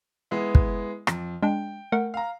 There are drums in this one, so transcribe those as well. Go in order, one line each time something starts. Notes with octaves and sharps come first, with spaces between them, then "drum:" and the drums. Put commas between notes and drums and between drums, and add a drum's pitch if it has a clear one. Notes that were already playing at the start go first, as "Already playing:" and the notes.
G#3 B3 E4
drum: kick
F2, drum: rim click
G#3 D4 G5
A3 A#4 F#5
F5 A#5